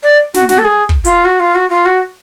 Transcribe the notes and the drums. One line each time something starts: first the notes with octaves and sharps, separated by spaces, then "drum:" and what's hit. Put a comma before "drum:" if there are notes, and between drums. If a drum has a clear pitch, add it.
D5
F#4, drum: snare
F#4, drum: snare
A4
G#4
drum: kick
F4, drum: hi-hat
F#4
F4
F#4
F4
F#4